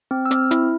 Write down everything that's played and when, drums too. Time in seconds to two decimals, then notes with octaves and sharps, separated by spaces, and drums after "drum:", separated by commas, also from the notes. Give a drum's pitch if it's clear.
0.11 C4
0.26 E6
0.31 C4 F6, drum: hi-hat
0.51 E4, drum: hi-hat